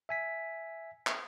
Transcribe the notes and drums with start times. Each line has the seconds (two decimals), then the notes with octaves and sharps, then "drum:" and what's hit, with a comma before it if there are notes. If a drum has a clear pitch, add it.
0.09 E5 G#5 B6
1.07 drum: clap